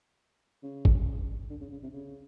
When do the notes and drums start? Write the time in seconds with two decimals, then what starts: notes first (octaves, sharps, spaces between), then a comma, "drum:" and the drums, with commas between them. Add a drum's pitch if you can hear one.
0.63 C#3
0.85 drum: kick
1.50 D3
1.61 C#3
1.72 C#3
1.83 C3
1.93 C#3